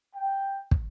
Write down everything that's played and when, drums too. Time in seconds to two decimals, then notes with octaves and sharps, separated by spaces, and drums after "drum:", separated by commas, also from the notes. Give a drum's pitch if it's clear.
0.15 G5
0.71 drum: kick